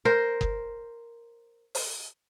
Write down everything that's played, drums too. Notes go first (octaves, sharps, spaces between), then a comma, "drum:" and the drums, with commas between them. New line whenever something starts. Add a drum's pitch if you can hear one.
A#4 C5
drum: kick F#1
drum: open hi-hat